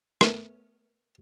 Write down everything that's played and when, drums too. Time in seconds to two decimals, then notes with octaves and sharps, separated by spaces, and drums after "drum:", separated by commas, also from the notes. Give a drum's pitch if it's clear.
0.21 A3 B3 C#4 A#4, drum: rim click